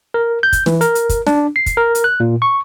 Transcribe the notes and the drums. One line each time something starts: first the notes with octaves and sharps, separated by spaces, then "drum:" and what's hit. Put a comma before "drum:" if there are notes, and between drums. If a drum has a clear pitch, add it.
A#4
G6
drum: kick, hi-hat
E3, drum: snare
A#4, drum: hi-hat
drum: hi-hat
drum: kick, hi-hat
D4, drum: snare
C7
drum: kick, hi-hat
A#4
drum: hi-hat
F#6
A#2
C#6